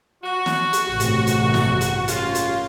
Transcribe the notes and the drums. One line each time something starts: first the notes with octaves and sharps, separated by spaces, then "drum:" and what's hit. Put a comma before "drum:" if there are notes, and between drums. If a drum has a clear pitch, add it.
F#4
drum: snare
drum: hi-hat
A1 G2 C3
drum: hi-hat
drum: hi-hat
drum: snare
drum: hi-hat
A#3 C#4 F4, drum: hi-hat
drum: hi-hat